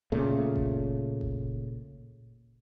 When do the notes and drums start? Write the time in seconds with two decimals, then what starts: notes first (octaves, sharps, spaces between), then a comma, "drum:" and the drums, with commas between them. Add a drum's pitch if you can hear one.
0.12 A#2 C#3 A3
0.56 drum: kick F#1
1.21 drum: kick F#1